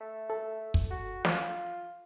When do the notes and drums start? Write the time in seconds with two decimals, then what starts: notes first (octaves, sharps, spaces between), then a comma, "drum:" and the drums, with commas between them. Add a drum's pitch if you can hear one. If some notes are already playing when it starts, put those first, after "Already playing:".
0.01 A3
0.30 A4
0.74 drum: kick
0.91 F#4
1.25 F4, drum: snare